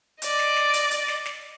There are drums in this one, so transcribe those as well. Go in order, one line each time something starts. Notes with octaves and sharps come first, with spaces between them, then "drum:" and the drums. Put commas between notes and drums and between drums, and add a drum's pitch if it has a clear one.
D5 D#5, drum: hi-hat
drum: snare
drum: snare
drum: hi-hat
drum: hi-hat
drum: snare
drum: snare